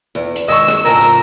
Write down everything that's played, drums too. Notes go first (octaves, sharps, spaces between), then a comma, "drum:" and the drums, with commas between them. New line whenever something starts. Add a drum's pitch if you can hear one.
E2
drum: hi-hat
D#3 G#3 D#5 C#6 E6
drum: rim click
F2 A2 C#3 A#4
drum: hi-hat